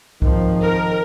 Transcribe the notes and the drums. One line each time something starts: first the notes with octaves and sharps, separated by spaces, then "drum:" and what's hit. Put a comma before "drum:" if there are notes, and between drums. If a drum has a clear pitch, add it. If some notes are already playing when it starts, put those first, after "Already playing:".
G#1 D#3 F3, drum: kick C2
A#4